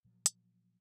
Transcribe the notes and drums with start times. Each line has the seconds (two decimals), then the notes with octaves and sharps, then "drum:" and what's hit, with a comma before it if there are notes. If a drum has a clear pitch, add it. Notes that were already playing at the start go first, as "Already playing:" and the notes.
0.05 A#2 F3 F#3
0.26 drum: hi-hat